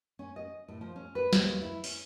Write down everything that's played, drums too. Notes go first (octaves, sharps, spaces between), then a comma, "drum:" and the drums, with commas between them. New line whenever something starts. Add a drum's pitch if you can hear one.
C#4
D#5
A2
F3
C#4
B4
D#2, drum: snare
E4
C#4, drum: open hi-hat